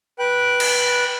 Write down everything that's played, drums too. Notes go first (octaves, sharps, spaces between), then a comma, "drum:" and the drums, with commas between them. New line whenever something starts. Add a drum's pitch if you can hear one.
B4 G5 F#6
drum: cymbal